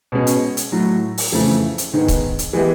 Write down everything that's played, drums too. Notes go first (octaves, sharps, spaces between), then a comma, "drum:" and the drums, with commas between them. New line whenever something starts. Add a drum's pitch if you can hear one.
B2 G#3 C#4
drum: hi-hat
drum: hi-hat
A2 F#3 A3
drum: open hi-hat
F2 C#3 E3 A3
drum: hi-hat
G#2 D#3 G#3 B3
drum: kick, hi-hat
drum: hi-hat
E3 G#3 B3 E4 G4